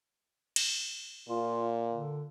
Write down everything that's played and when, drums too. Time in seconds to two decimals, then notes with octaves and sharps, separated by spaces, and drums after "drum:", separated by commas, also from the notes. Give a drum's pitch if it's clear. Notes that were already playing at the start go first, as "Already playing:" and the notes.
0.56 drum: cymbal
1.29 A#2 F4
1.93 D3